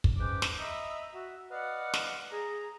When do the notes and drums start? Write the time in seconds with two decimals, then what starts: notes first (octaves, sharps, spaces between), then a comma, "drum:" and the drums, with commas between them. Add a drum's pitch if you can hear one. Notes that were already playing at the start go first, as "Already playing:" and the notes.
0.04 drum: kick
0.18 G#2 C#4 B4 G5 D6
0.42 drum: snare
0.59 D#5 E5 A#5 B5 D#6 E6
1.12 F#4 E5
1.51 B4 D5 D#5 F5 F#5
1.94 drum: snare
2.31 G#4 A#5